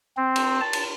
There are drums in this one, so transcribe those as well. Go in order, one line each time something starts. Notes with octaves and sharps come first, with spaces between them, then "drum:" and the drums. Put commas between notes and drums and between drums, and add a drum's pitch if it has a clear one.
C4
drum: cymbal
A5
drum: cymbal